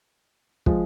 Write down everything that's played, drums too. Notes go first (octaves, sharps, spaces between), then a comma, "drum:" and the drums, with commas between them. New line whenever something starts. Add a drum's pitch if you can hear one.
F3 G#3, drum: kick